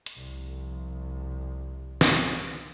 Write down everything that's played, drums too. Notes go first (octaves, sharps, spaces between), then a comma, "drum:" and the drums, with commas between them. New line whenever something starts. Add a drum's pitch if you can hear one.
drum: hi-hat
C2 F3
drum: snare